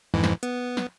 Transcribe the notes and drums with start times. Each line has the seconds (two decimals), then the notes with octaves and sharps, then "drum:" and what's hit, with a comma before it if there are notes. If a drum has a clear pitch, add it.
0.14 F2 G#2 E3
0.24 drum: snare
0.43 B3, drum: hi-hat
0.77 drum: snare